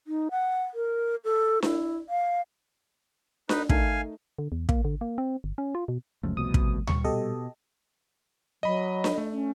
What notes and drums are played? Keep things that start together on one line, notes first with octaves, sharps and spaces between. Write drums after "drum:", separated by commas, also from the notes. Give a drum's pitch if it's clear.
D#4
F#5
A#4
A4
E4, drum: snare D4
F5
D#4 B4, drum: snare D4
A3 D#4 A#4 F5 G#5, drum: kick
D3
E2
A#3, drum: kick
D3
A#3
C4
G1
C#4
F4
B2
F1 C#2 F#2 F3 A3
C2 B2 D#6
drum: kick
A#2 G3 C#6, drum: tom D2
B2 G4 A4 D#5
F#3 D#5 B5
drum: snare D4
A3
C#4